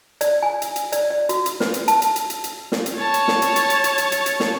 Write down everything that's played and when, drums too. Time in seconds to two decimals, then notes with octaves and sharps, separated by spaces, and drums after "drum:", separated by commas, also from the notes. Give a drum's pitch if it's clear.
0.21 D5, drum: hi-hat
0.43 G#5
0.62 drum: hi-hat
0.76 drum: hi-hat
0.92 D5, drum: hi-hat
1.11 D5
1.29 F#4, drum: hi-hat
1.46 drum: hi-hat
1.60 B4, drum: snare
1.74 drum: hi-hat
1.88 A5, drum: hi-hat
2.02 drum: hi-hat
2.16 drum: hi-hat
2.30 drum: hi-hat
2.44 drum: hi-hat
2.72 drum: snare
2.86 drum: hi-hat
2.96 C#5 A5
3.14 drum: hi-hat
3.28 drum: snare
3.42 drum: hi-hat
3.56 drum: hi-hat
3.70 drum: hi-hat
3.84 drum: hi-hat
3.98 drum: hi-hat
4.12 drum: hi-hat
4.26 drum: hi-hat
4.40 drum: snare